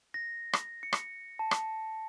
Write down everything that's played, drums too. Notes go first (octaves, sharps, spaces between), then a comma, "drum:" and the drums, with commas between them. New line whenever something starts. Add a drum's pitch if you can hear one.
A#6
drum: rim click
C#7
drum: rim click
A5
drum: rim click